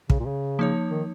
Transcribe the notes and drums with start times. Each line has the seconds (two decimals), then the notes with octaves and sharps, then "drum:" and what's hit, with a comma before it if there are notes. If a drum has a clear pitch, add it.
0.10 C#3, drum: kick
0.20 A#2
0.26 C#3
0.59 F3 A#3 D#4 C#5
0.91 D#3